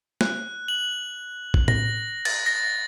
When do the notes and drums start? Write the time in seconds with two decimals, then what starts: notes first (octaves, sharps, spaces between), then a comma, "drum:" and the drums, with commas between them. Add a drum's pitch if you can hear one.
0.21 F#6, drum: snare
0.68 F#7
1.54 drum: kick A1
1.68 A#6, drum: tom A2
2.25 A6, drum: cymbal
2.46 A#6